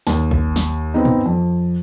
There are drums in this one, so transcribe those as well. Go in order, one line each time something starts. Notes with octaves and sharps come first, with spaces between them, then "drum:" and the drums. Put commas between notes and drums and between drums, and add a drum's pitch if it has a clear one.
D#2, drum: snare
drum: kick
drum: snare
B3 C4 D#4
drum: tom
F2